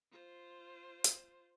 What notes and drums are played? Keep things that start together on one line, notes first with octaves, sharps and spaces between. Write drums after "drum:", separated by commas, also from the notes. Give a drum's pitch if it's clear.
F4 C5
drum: hi-hat